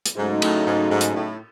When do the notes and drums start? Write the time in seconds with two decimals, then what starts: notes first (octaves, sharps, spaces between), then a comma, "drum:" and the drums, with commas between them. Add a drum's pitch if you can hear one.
0.06 drum: hi-hat
0.17 G#2 C#3 F#3 A3 D#4
0.42 A2, drum: cymbal
0.66 G#2
0.90 G#2
1.01 drum: hi-hat
1.15 A2